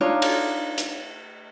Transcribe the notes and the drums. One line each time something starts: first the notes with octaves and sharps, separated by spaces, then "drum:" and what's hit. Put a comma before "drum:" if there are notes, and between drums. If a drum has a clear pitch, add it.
D4 D#4 F4 C#5
drum: cymbal
drum: hi-hat